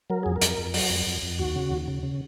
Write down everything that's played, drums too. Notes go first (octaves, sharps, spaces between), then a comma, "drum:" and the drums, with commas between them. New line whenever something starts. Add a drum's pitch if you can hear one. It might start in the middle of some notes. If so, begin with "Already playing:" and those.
F#3 A#4
F2 G#4
A#4
F2, drum: hi-hat
F2
F#3, drum: open hi-hat
F2
F2
F2
D#2 F#4
C#3
D#2
C#3
C#3